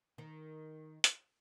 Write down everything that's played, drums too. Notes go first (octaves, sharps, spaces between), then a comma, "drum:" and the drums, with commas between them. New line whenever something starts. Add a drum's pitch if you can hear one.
D#3
drum: hi-hat